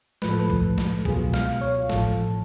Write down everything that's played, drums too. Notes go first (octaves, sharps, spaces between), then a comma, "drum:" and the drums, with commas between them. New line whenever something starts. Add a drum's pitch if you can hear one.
A2 F3 A3 B4, drum: snare
A4
B4
drum: kick B1
drum: snare
C#2 B2 F#3 B3 F4 G#4, drum: kick B1
F5, drum: snare
C#5
A1 A2 F3 A4, drum: snare